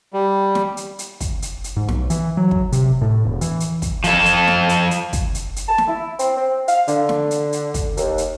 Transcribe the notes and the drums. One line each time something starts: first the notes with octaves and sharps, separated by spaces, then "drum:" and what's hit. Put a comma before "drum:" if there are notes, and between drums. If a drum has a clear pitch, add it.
G3
drum: snare
drum: hi-hat
drum: hi-hat
drum: kick, hi-hat
drum: hi-hat
drum: hi-hat
G#2
B1, drum: snare
E3, drum: hi-hat
F#3
drum: kick
C3, drum: hi-hat
A2
E1
E3, drum: hi-hat
drum: hi-hat
drum: kick, hi-hat
F3 A4, drum: hi-hat
drum: hi-hat
drum: snare
drum: hi-hat
drum: hi-hat
drum: kick, hi-hat
drum: hi-hat
drum: hi-hat
A5
drum: snare
E4
C4, drum: hi-hat
C4
F5, drum: hi-hat
D3, drum: hi-hat
drum: snare
drum: hi-hat
drum: hi-hat
drum: kick, hi-hat
D#2, drum: hi-hat
drum: hi-hat